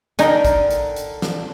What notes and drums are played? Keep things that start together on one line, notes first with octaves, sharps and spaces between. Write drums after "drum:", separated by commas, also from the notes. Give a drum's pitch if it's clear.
D3 D#4 A#4 G5 G#5, drum: hi-hat
drum: kick A1, hi-hat
drum: hi-hat
drum: hi-hat
drum: snare